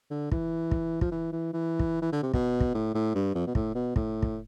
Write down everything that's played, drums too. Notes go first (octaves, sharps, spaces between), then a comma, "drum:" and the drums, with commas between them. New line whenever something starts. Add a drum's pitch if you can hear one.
D3
E3, drum: kick
drum: kick
F3, drum: kick
E3
E3
E3
drum: kick
E3
D3
C3
B2, drum: kick
drum: kick
A2
A2
G2
F2
B2
A2, drum: kick
B2
A2, drum: kick
drum: kick